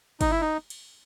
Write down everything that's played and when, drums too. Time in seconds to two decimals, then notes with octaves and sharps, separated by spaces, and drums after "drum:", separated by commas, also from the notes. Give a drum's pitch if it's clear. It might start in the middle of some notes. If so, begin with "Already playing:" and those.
0.21 D#4, drum: kick, cymbal
0.31 E4
0.41 D#4
0.70 drum: cymbal